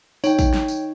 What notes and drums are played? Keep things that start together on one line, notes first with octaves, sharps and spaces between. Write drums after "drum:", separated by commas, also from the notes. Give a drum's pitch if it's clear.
D#4 C#5 G5, drum: tambourine
drum: kick, tambourine
drum: snare
drum: tambourine